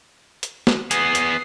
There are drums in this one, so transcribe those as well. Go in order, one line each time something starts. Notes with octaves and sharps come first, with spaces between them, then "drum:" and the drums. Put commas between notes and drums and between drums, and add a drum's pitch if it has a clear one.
drum: hi-hat
drum: snare
B3 G#4 D#6 C7, drum: hi-hat
drum: hi-hat